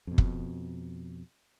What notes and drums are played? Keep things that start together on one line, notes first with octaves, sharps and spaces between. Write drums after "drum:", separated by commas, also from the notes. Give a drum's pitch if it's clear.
F2 B2
drum: kick